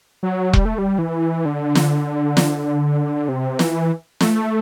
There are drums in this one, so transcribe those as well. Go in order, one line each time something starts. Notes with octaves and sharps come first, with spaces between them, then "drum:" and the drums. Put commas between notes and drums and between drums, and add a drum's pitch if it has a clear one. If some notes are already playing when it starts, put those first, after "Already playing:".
F#3
G3, drum: kick E1
A3
G3
E3
D3
drum: snare
drum: snare
C3
E3, drum: snare
A3, drum: snare